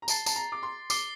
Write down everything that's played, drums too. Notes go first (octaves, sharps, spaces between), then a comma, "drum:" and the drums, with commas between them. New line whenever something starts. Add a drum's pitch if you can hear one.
A#5
A5 A6 C7 G7, drum: tambourine
A5, drum: tambourine
A#5
D6
C6
D6 A6 C7 G7, drum: tambourine